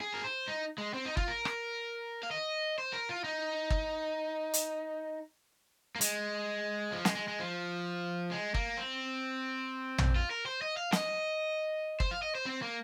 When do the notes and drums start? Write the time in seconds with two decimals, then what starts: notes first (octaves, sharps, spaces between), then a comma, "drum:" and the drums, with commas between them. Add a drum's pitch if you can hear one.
0.01 G#4
0.14 A#4
0.24 C5
0.48 D#4
0.78 G#3
0.94 C4
1.05 D#4
1.17 F4, drum: kick
1.28 A#4
1.45 drum: rim click
2.23 F5
2.31 D#5
2.78 C5
2.93 A#4
3.09 F4
3.24 D#4
3.70 drum: kick
4.54 drum: hi-hat
5.96 A#3
6.01 G#3, drum: hi-hat
6.92 F3
7.05 G#3, drum: snare
7.15 G#3
7.28 G#3
7.40 F3
8.31 G#3
8.54 A#3, drum: kick
8.77 C4
9.98 drum: tom
10.16 F4
10.31 A#4
10.46 C5
10.62 D#5
10.77 F5
10.92 D#5, drum: snare
12.00 C5, drum: kick
12.11 F5
12.22 D#5
12.35 C5
12.46 C4
12.62 A#3